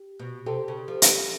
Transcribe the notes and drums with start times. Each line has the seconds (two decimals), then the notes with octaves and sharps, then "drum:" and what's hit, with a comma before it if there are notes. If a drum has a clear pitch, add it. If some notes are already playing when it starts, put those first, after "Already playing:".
Already playing: G4
0.19 B2
0.46 C3 G4 A4
0.68 C#3
0.88 F3
1.02 drum: hi-hat